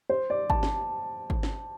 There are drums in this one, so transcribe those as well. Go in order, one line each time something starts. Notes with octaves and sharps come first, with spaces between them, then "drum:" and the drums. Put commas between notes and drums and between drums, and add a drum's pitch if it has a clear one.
C5
D5
A5, drum: kick
drum: snare
drum: kick
drum: snare